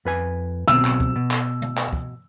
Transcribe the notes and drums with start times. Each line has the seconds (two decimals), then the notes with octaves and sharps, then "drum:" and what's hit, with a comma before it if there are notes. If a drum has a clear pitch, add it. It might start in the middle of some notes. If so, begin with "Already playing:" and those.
0.05 F2 B4 G#5
0.68 B1 B2 C4 E6, drum: tom
0.85 drum: clap
1.00 drum: kick
1.16 B2
1.31 drum: clap
1.62 drum: tom
1.77 drum: clap
1.93 drum: kick